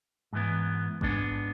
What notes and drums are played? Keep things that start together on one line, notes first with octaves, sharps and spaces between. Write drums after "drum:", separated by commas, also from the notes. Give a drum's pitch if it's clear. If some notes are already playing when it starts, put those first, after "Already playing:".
G#2 E3 B3
G#2 G#3 B3 D4, drum: kick A1